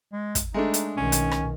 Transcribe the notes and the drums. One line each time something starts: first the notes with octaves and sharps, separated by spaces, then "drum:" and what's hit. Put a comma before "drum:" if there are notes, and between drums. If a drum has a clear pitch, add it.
G#3
drum: kick, hi-hat
G#3 A3 D4 D#4
drum: hi-hat
B1 D#3 C#4
drum: hi-hat
drum: rim click